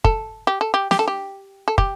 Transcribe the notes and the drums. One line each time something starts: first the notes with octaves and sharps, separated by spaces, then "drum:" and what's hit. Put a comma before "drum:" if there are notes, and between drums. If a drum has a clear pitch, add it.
A4, drum: kick
G4
A4
G4
G4, drum: snare
A4
G4
A4
G4, drum: kick